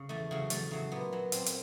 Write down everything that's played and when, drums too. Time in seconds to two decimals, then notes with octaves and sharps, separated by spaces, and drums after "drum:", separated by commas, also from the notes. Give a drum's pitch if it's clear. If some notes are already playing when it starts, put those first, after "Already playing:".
Already playing: C#3
0.09 E2 A3
0.31 C#3 F#3
0.50 E2 A3, drum: hi-hat
0.71 C#3 F#3
0.92 A#2 B3
1.13 F#3
1.32 A#2 C4, drum: hi-hat
1.46 drum: hi-hat